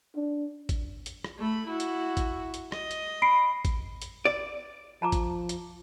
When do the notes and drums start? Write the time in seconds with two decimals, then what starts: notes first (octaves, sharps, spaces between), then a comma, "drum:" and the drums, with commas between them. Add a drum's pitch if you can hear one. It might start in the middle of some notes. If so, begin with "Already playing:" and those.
0.15 D4
0.69 drum: kick G#1, hi-hat
1.06 drum: hi-hat
1.24 drum: rim click
1.38 A3 B5
1.67 E4 F#4
1.80 drum: hi-hat
2.17 drum: kick G#1, hi-hat
2.54 drum: hi-hat
2.72 D#5, drum: rim click
2.91 drum: hi-hat
3.22 B5 C7 D7
3.65 drum: kick G#1, hi-hat
4.02 drum: hi-hat
4.25 D5
5.02 F3 A5 A#5 D6
5.12 drum: kick G#1, hi-hat
5.49 drum: hi-hat